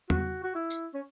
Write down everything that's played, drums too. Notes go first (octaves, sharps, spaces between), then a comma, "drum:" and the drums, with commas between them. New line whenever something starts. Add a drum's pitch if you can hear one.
F#4, drum: tom
F#4
E4
drum: tambourine
C#4